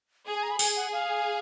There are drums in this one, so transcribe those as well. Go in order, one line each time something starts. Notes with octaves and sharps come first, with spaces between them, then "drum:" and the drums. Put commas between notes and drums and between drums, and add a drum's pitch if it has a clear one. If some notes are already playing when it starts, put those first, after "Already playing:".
G#4
G#5
A#5
B5
G#4 G#5, drum: open hi-hat
F#5
F5